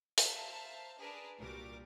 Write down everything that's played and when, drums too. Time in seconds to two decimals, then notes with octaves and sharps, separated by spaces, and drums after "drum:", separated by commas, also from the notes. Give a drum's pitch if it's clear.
0.18 C5 E5 F5 A5 A#5, drum: open hi-hat
0.98 D4 G#4 A#4 B4 A5
1.37 C2 A#2 G3 F#4 A#4 D6